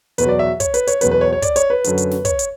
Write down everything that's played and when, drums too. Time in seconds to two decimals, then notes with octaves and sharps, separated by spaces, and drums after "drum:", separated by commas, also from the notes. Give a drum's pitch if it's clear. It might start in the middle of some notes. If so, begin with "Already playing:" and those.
0.18 E2 B2 F#3 B4, drum: hi-hat
0.29 D5
0.39 E5
0.60 C#5, drum: kick, hi-hat
0.74 B4, drum: hi-hat
0.87 C#5, drum: hi-hat
1.01 E2 B2 F#3 B4, drum: hi-hat
1.11 B4
1.21 C#5
1.33 C#5
1.42 D5, drum: kick, hi-hat
1.56 C#5, drum: hi-hat
1.70 B4
1.84 F#2 D3 F#3, drum: hi-hat
1.98 drum: hi-hat
2.11 drum: snare
2.25 C#5, drum: kick, hi-hat
2.39 drum: hi-hat